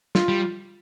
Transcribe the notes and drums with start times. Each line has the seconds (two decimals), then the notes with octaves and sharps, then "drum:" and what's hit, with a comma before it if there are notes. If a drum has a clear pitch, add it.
0.15 F4, drum: snare
0.28 G3